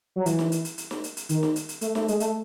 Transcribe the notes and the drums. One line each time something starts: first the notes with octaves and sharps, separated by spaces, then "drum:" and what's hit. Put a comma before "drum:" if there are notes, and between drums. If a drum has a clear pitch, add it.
F#3
E3, drum: hi-hat
drum: snare
drum: hi-hat
drum: hi-hat
drum: hi-hat
drum: snare
drum: hi-hat
drum: hi-hat
D#3, drum: hi-hat
drum: snare
drum: hi-hat
drum: hi-hat
A3, drum: hi-hat
A3, drum: snare
G#3, drum: hi-hat
A3, drum: hi-hat